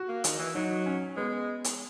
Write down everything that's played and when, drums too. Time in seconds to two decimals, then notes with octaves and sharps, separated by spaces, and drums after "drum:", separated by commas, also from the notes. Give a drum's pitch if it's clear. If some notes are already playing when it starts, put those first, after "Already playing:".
Already playing: F#4
0.08 A#3
0.24 D#3, drum: hi-hat
0.39 E3
0.55 F#3 D#4
0.86 C#4
1.17 G#3 B3
1.64 drum: hi-hat